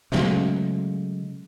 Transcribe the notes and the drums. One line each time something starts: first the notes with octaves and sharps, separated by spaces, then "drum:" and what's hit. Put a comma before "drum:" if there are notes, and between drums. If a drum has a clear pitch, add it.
C#3 F#3 G#3 A3, drum: snare